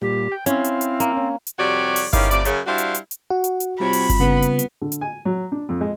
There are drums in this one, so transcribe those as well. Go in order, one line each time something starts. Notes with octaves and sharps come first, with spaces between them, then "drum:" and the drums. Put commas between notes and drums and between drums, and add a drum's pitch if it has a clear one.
A#2 G3 G4
G5
C4 C#4 E4 F5, drum: hi-hat
drum: hi-hat
drum: hi-hat
A#3, drum: hi-hat
C#4
drum: hi-hat
F2 C3 G3 F#4 C#5 D5
drum: open hi-hat
E2 D#3 C#4 E4 G4 F5, drum: kick G1, hi-hat
A2 C3 F3 E4 D5, drum: hi-hat
F#2 C#3, drum: hi-hat
G3 D4 E4 F#4 C5 F5
drum: hi-hat
drum: hi-hat
drum: hi-hat
F#4 F#5
drum: hi-hat
drum: hi-hat
C3 G3 C4 F4 C#5 B5
drum: open hi-hat
drum: kick G1, hi-hat
C#3 B3
drum: hi-hat
drum: hi-hat
D3
drum: hi-hat
G#5
F#3
D4
F2
G#3